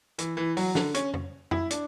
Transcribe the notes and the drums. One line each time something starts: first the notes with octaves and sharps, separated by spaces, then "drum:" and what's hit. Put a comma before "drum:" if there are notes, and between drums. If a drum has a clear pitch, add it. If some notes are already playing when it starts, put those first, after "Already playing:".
E3, drum: hi-hat
E3
F#3, drum: open hi-hat
D3, drum: snare
C#4, drum: hi-hat
drum: tom F2
E4, drum: tom F2
D4, drum: hi-hat